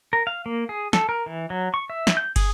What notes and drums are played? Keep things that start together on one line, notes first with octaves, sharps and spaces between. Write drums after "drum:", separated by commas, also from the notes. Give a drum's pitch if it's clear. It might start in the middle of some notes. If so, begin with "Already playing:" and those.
A#4
F5
A#3
G#4
A4, drum: snare
A#4
E3
F#3
C#6
E5
drum: snare
G6
G#4, drum: kick, cymbal